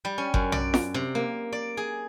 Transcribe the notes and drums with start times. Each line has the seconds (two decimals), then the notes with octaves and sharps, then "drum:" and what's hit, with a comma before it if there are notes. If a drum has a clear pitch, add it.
0.05 G3
0.18 C#4
0.34 F#2, drum: kick G1
0.52 D5, drum: tom A#1
0.74 drum: snare
0.94 C3
1.15 A#3
1.53 D5
1.77 G#4